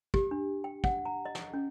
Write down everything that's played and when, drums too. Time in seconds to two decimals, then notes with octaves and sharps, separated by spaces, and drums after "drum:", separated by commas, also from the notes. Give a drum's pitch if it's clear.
0.14 G4, drum: kick
0.31 D4
0.64 G5
0.84 F#5, drum: kick
1.05 A#5
1.25 D#5
1.35 drum: snare
1.54 C#4